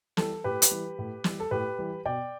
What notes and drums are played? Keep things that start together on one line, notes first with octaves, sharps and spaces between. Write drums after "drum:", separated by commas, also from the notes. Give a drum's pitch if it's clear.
E3 G3 A4, drum: snare
A2 G4 B4
drum: hi-hat
E3 G3
A2
E3 G3, drum: snare
A4
A2 G4 B4
E3 G3
B2 D5 G5